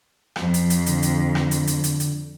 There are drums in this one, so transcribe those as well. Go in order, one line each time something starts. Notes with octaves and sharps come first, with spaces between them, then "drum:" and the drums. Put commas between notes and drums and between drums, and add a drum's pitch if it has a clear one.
F2 F3, drum: rim click
drum: hi-hat
drum: hi-hat
D3, drum: hi-hat
drum: hi-hat
drum: rim click
drum: hi-hat
drum: hi-hat
drum: hi-hat
drum: hi-hat